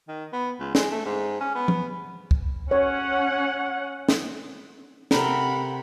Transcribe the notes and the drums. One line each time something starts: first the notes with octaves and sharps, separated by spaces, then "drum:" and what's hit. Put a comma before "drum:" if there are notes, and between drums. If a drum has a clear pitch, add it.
D#3
B3
C#2
G#3, drum: snare
A3
G#2
C#4
B3
drum: tom F3
drum: kick
C#4 C#5 F#5
drum: snare
C3 A4 A#4 F#5 B5, drum: snare